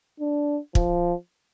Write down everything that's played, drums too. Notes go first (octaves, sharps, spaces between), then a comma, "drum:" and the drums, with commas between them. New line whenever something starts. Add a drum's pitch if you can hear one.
D4
F3, drum: kick